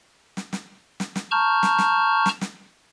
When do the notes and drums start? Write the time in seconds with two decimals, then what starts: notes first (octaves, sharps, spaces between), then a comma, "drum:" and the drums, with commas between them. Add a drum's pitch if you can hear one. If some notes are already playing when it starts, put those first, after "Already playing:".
0.37 drum: snare
0.53 drum: snare
1.00 drum: snare
1.16 drum: snare
1.31 A5 A#5 C#6 F6 G6
1.63 drum: snare
1.78 drum: snare
2.26 drum: snare
2.41 drum: snare